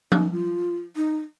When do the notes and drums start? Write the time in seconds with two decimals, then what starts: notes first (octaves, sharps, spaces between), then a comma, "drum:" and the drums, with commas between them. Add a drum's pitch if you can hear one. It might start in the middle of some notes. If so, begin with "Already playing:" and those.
0.12 D#4, drum: tom F3
0.32 F4
0.96 D#4